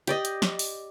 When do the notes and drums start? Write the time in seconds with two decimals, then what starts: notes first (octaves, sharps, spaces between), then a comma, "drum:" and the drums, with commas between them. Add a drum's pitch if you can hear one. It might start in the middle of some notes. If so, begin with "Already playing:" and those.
0.07 G4 D5 D#5, drum: hi-hat
0.25 drum: hi-hat
0.42 drum: snare
0.59 drum: open hi-hat